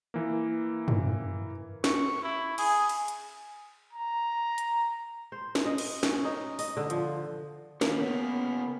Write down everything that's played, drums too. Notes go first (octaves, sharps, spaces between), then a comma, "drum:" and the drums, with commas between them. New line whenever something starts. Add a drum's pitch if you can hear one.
E3 A#3
drum: tom
C#6, drum: snare
E4
G#4, drum: cymbal
drum: cymbal
drum: hi-hat
A#5
drum: hi-hat
C5
drum: snare
D#5
drum: cymbal
C#4, drum: snare
D#4
D#5, drum: open hi-hat
D3
F3, drum: hi-hat
D#2 A#3 C#4, drum: snare
C#3 A#3 B3